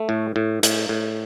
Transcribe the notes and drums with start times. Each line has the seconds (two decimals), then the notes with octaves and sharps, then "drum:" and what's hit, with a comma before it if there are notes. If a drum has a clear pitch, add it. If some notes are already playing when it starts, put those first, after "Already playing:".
Already playing: A3
0.09 A2
0.36 A2
0.63 A2, drum: hi-hat
0.89 A2